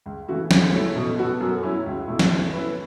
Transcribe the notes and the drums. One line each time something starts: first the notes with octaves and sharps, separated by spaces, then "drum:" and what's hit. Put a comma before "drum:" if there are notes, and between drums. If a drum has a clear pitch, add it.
C#2
C#3 E3 A3 F#4
C#3, drum: snare
F#3 A3 C#4 E4
B2
B3 F#4 A4
F#2
F#3 C#4 E4
C#2
B2 A3 E4
drum: snare
E3
A3 C#4 E4 B4